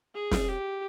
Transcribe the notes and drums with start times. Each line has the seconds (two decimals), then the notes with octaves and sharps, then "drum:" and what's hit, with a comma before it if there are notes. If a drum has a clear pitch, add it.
0.15 G#4
0.32 drum: snare
0.48 G4